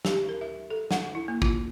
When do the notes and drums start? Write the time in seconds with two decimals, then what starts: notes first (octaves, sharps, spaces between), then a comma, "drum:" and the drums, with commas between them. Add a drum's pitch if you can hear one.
0.05 G4, drum: snare
0.29 A#4
0.41 E5
0.70 A4
0.91 F#5, drum: snare
1.15 E4
1.28 A#3
1.42 F4, drum: kick